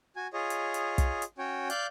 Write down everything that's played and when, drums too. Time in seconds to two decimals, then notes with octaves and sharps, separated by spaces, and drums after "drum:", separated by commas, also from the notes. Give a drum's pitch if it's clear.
0.16 F#4 G#5
0.33 F4 G#4 C#5 D#5
0.50 drum: hi-hat
0.74 drum: hi-hat
0.98 drum: kick, hi-hat
1.22 drum: hi-hat
1.38 C#4 F#4 C#5 G5
1.70 D5 F5 F#6 G6, drum: hi-hat